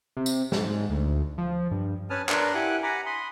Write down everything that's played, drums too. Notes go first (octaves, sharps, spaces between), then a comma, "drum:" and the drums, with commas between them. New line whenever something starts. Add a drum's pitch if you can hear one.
C3
drum: tambourine
G#2, drum: snare
D2
F3
G2
C#4 B4 G#5 A5 D#6 F6
D4 A#4 B4 C6, drum: clap
E4 G4 F#5 G#5 D6 F#6
F#5 G#5 A#5 B5 D6
B5 C6 D#6